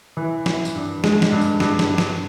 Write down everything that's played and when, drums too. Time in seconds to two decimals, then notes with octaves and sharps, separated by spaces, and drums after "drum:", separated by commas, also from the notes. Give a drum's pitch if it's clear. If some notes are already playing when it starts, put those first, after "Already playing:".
0.17 E3
0.46 E3, drum: snare
0.65 drum: tambourine
0.75 G2
1.04 G#3, drum: snare
1.22 drum: snare
1.32 G2
1.41 drum: tambourine
1.60 G2, drum: snare
1.79 drum: snare
1.89 G2
1.98 drum: snare